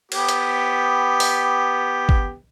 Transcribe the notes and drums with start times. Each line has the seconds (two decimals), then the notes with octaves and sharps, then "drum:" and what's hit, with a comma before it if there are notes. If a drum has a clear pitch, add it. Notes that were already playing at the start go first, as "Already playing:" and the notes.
0.12 B3 G4, drum: cymbal
0.29 drum: hi-hat
1.20 drum: open hi-hat
2.09 drum: kick